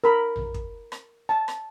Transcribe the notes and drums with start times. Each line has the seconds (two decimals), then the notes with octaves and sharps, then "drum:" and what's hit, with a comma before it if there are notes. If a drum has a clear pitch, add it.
0.04 A#4 B5
0.36 drum: tom A#1
0.54 drum: kick
0.92 drum: rim click
1.29 A5
1.48 drum: rim click